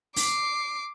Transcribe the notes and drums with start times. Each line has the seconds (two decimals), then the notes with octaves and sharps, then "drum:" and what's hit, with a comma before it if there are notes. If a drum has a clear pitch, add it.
0.16 D6 C7, drum: open hi-hat